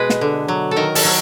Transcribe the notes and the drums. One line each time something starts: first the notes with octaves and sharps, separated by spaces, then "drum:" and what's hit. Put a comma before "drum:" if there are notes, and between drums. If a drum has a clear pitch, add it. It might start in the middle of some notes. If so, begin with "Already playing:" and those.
Already playing: B2 G#3 B4
drum: snare
D3
F#3
A4
D#3 A#4
A4, drum: open hi-hat
F#3